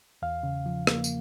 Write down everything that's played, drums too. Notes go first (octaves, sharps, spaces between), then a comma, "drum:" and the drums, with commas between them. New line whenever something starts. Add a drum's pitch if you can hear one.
E2 F5
C#3
F3
A#3, drum: rim click
drum: tambourine